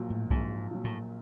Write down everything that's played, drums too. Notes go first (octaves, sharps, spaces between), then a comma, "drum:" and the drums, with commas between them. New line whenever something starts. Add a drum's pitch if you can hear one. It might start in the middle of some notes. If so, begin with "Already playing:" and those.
Already playing: A#1 A#2 F#3
A2
A#1 G#2, drum: kick B1
A#2 F#3
A2